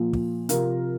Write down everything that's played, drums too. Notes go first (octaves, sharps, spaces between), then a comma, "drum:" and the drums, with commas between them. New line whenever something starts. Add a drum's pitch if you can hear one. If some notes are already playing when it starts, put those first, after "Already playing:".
Already playing: A#2 F3
drum: kick
C3 F3 F4 A#4, drum: hi-hat